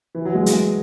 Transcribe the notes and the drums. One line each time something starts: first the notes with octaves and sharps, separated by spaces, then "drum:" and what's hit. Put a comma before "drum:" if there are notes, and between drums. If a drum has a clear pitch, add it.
E3
F#3
G#3
G#3, drum: hi-hat